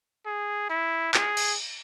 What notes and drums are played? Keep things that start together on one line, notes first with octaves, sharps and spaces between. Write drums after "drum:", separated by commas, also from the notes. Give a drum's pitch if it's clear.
G#4
E4
G#4, drum: clap
drum: cymbal